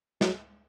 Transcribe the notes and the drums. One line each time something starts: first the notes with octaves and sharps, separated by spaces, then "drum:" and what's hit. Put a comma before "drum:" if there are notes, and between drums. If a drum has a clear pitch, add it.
F#3, drum: snare